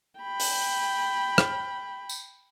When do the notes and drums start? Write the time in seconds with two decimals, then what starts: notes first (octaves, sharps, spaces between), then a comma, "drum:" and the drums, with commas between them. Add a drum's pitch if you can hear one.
0.20 G5 B5
0.40 drum: open hi-hat
1.38 drum: rim click
2.09 drum: tambourine